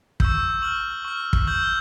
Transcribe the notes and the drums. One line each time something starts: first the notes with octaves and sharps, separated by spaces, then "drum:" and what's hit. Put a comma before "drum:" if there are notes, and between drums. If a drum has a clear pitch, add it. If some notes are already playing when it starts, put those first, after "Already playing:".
C#6 E6 G6, drum: kick
C#6 F6 F#7
C#6 F6
drum: kick
C#6 E6 G6 F#7
G7